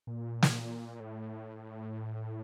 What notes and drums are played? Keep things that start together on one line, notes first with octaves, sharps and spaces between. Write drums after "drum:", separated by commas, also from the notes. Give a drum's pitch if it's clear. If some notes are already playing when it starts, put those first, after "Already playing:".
A#2
drum: snare
A2